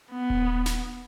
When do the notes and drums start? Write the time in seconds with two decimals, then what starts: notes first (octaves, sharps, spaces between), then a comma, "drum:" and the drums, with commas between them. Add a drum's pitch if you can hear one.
0.12 B3
0.30 drum: kick D#1
0.66 drum: snare